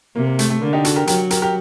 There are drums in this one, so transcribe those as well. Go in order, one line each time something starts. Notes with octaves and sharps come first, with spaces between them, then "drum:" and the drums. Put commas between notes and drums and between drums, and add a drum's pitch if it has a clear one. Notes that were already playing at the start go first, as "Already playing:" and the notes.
C3 A#3
A#3
A3, drum: hi-hat
A3
D3 A#3
D#4 G4
F#4 A4, drum: hi-hat
G4 A#4
F#3 G4 A#4, drum: hi-hat
G4 A#4, drum: hi-hat
G4 A#4